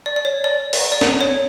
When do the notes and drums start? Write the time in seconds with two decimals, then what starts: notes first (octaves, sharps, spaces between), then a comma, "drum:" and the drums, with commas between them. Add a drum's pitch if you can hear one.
0.06 D5
0.16 D5
0.25 C#5
0.44 D5
0.73 drum: open hi-hat
0.92 D5
1.01 drum: snare
1.21 C#5